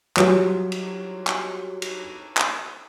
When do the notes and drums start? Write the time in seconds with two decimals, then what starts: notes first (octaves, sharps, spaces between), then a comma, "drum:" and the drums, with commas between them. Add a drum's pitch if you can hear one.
0.17 F#3 G3 F4, drum: clap
0.72 drum: cymbal
1.27 drum: clap
1.82 drum: cymbal
2.37 drum: clap